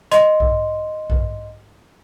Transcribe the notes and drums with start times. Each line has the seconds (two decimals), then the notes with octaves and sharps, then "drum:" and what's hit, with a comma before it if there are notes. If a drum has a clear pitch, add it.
0.11 D#5 C6, drum: hi-hat
0.40 drum: kick A#1
1.10 drum: kick A#1